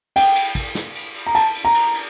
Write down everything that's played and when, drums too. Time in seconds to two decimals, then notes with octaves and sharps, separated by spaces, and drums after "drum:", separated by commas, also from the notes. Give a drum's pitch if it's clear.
0.16 G5, drum: cymbal
0.35 drum: cymbal
0.55 drum: kick, cymbal
0.75 drum: snare
0.95 drum: cymbal
1.15 drum: cymbal
1.27 A#5
1.35 A5, drum: cymbal
1.54 drum: cymbal
1.65 A#5
1.74 drum: cymbal
1.94 drum: cymbal